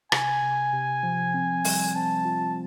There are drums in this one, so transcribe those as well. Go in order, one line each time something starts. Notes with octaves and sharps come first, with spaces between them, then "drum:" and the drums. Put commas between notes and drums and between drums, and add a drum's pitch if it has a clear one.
C3 G#5, drum: rim click
C3
C3
F3
C4
G3, drum: open hi-hat
C4 A5
F4